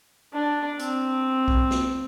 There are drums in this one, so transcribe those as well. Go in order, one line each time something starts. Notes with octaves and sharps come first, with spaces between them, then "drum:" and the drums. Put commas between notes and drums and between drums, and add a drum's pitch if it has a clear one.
D4
C4, drum: hi-hat
drum: kick B1
drum: snare